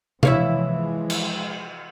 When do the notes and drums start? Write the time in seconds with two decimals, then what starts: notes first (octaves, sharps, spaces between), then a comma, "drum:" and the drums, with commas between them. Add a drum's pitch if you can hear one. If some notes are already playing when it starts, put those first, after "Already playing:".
0.23 E3 F3 G#3 E4 C#5 F5, drum: tom C3
1.10 drum: cymbal